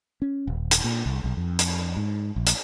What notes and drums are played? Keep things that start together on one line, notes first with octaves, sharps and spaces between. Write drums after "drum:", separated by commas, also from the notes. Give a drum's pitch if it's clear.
C#4
D#1
drum: hi-hat
A#2
C2
B1
F2
drum: hi-hat
G#2
A#1
drum: hi-hat